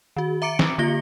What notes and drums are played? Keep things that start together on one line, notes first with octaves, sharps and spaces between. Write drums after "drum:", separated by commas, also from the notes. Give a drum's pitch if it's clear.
D#3 F#4
E5 A#5 D6 C#7 D7
drum: snare
D3 A#3 F4 A#6 G7